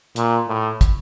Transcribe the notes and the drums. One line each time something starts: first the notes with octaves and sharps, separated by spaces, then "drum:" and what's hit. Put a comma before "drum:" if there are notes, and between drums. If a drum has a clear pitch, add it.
A#2, drum: hi-hat
A2
drum: kick, hi-hat